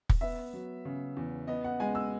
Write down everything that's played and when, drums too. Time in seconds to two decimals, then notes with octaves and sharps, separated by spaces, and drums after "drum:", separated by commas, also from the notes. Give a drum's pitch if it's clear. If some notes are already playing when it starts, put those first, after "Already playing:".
0.09 drum: kick
0.21 B3 E5
0.53 F#3
0.85 C#3
1.17 E2
1.47 B3 D#5
1.64 F#5
1.80 G#3 G#5
1.95 E6